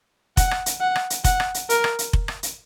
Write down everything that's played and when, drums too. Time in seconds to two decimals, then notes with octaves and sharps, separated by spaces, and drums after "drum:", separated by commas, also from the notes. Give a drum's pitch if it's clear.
0.37 F#5, drum: kick F1, hi-hat
0.51 drum: rim click
0.66 drum: hi-hat
0.81 F#5
0.95 drum: rim click
1.10 drum: hi-hat
1.24 F#5, drum: kick F1, hi-hat
1.40 drum: rim click
1.54 drum: hi-hat
1.70 A#4, drum: hi-hat
1.84 drum: rim click
1.99 drum: hi-hat
2.13 drum: kick F1
2.28 drum: rim click
2.43 drum: hi-hat